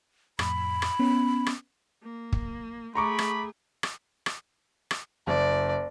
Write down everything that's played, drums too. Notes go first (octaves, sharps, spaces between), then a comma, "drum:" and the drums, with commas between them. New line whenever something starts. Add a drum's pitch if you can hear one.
F2 A2 B5, drum: rim click
drum: rim click
B3 C#4
drum: rim click
A#3
drum: kick
A3 G#4 A#5 B5 C#6 D6
drum: rim click
drum: rim click
drum: rim click
drum: rim click
F#1 D5